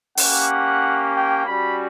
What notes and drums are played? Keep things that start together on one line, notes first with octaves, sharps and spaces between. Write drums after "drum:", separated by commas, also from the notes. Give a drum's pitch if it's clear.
A#3 C#4 G4 F#5, drum: open hi-hat
G5
G3 C#4 F#4 B5